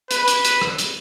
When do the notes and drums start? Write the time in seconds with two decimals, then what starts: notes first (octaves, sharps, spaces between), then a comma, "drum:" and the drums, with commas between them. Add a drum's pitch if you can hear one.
0.11 B4, drum: hi-hat
0.28 drum: hi-hat
0.45 drum: hi-hat
0.62 drum: rim click
0.78 drum: hi-hat